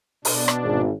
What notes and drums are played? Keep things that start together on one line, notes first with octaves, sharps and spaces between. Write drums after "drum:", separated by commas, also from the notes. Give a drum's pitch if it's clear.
B2 D4, drum: open hi-hat
drum: rim click
G#1